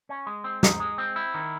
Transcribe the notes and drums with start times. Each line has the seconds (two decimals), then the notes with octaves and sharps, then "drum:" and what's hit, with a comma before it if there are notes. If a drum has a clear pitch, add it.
0.09 C#4
0.27 G#3
0.44 C4
0.63 D#4, drum: snare
0.80 G#3
0.98 C4
1.16 E4
1.34 D#3